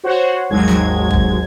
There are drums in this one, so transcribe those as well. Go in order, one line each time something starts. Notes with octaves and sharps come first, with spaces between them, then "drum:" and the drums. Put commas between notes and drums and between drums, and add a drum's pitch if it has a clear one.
F#4 C5 C#5 F#5
G#1 D#2 F#3 G#3 G#6
drum: snare
drum: kick